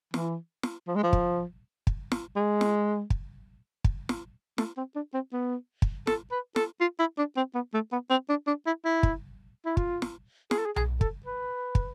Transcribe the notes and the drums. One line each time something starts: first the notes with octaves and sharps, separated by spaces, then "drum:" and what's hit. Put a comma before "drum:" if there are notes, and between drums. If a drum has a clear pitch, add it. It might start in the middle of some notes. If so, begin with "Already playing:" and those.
E3, drum: snare
drum: snare
F3
G#3
F3
drum: kick
drum: kick
drum: snare
G#3
drum: snare
drum: kick
drum: kick
drum: snare
A3, drum: snare
C4
D4
C4
B3
drum: kick
A4, drum: snare
B4
A4, drum: snare
F4
E4
D4
C4
B3
A3
B3
C4
D4
D4
E4
E4
drum: kick
E4
F4, drum: kick
drum: snare
G#4, drum: snare
A4
G#4
G#4, drum: tom B1
A4, drum: kick
B4
drum: kick